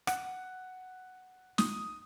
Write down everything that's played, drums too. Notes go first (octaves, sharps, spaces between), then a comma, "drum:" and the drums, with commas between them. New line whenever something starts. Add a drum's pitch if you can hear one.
F#5, drum: rim click
D#6, drum: snare